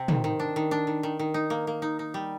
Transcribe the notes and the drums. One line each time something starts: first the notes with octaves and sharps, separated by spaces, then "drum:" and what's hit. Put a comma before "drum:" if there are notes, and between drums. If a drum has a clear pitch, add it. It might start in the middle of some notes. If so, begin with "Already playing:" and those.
Already playing: C3 C4
D#3, drum: tom
D#3
D4
D#3
D4
D#3
D#3
D#3
D#4
A#3
A#3
D#4
D#4
G3